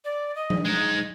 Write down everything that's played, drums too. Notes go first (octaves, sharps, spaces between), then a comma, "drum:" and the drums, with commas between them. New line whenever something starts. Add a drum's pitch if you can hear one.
D5
D#5
drum: tom F3
G#3 D#4 G#6